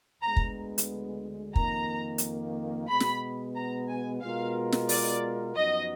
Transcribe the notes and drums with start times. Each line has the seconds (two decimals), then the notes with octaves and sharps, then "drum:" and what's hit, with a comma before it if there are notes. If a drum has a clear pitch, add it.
0.22 D2 D3 G#3 B3 A#5
0.37 drum: kick
0.78 drum: hi-hat
1.56 F2 D#3 A#3 A#5, drum: kick
2.18 drum: hi-hat
2.88 B2 G#3 B3 B5
3.00 drum: snare
3.55 A#5
3.89 G#5
4.22 B2 G#3 B3 F4 A#4 F5
4.72 drum: snare
4.89 D5, drum: open hi-hat
5.55 F#2 F3 B3 D#4 F#4 D#5